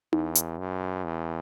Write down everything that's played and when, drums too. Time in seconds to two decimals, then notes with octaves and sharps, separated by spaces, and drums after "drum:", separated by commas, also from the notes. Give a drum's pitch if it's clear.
0.13 E2, drum: tom D#4
0.35 drum: hi-hat
0.59 F#2
1.04 E2